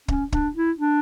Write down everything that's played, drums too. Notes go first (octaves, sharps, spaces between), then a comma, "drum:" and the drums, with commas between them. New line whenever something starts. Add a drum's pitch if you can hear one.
C#4, drum: kick
D4, drum: kick
E4
D4